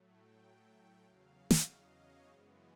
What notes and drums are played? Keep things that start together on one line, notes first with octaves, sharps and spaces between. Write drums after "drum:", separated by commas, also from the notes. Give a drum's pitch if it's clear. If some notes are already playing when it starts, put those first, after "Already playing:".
Already playing: A2 F#3 A3
G5
E2 C#3 F#3 F5
drum: snare
D#5
C#5
F#2 C#3 E3 G#3 B3 C5